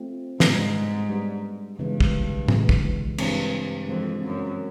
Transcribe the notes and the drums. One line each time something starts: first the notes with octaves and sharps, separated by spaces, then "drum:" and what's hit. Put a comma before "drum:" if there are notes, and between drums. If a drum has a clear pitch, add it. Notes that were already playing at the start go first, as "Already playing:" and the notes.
Already playing: A3 C4 F4
G#2 G3 B3 D4, drum: snare
G3 B3 D4
G2 C#3 E3 G#3 B3
drum: kick
C#3 E3 G#3 B3, drum: tom
drum: kick
G2 E3 G#3 C4, drum: cymbal
F2 E3 G#3 C4
F#2